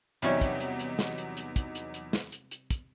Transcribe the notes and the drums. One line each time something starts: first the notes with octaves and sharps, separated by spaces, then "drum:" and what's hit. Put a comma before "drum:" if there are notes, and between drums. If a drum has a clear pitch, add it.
E2 C3 F#3 G3 C#4 D#4, drum: hi-hat
drum: kick, hi-hat
drum: hi-hat
drum: hi-hat
drum: snare
drum: hi-hat
drum: hi-hat
drum: kick, hi-hat
drum: hi-hat
drum: hi-hat
drum: snare
drum: hi-hat
drum: hi-hat
drum: kick, hi-hat